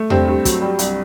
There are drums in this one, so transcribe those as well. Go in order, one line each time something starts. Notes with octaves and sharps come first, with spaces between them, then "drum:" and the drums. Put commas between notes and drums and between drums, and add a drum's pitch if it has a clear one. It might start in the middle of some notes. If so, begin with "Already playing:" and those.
Already playing: A3
G2 C4, drum: tom E2
G2
F#3, drum: kick, hi-hat
G3
C2, drum: hi-hat